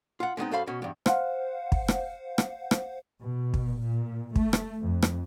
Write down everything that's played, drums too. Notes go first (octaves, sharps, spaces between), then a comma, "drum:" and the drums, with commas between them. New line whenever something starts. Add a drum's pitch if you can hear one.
F4 F#5
D3 G#3 B3 C4 D#4
F#2 A4 C5 F5 B5
B2 C#4
E2 G2
C5 F5 F#5, drum: rim click
drum: kick
drum: rim click
drum: rim click
drum: rim click
B2
drum: kick
A#2
A3, drum: kick
drum: rim click
F2
drum: rim click